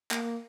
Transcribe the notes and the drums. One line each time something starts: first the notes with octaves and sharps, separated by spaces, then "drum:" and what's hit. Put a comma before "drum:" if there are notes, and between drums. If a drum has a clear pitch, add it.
A#3, drum: clap